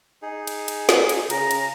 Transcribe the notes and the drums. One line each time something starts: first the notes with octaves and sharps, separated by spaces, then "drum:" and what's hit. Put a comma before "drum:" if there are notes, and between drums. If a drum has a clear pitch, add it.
D#4 G#4
drum: cymbal
drum: cymbal
drum: snare
drum: cymbal
C#3 A#5, drum: cymbal
drum: cymbal